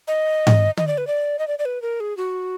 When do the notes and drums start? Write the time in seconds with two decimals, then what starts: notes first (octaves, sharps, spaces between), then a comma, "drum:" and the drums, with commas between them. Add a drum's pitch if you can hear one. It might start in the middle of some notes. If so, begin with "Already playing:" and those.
0.08 D#5
0.47 drum: tom G#2
0.77 D#5, drum: tom
0.87 D5
0.98 B4
1.07 D5
1.39 D#5
1.48 D5
1.59 D5
1.65 B4
1.82 A#4
2.00 G#4
2.17 F#4